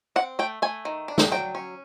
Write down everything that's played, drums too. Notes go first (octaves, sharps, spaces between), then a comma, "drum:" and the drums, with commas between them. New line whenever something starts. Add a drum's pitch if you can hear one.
C4 F#5
A3 G5
A3 G#5
D#3
D4
drum: snare
F#3 G5
C#4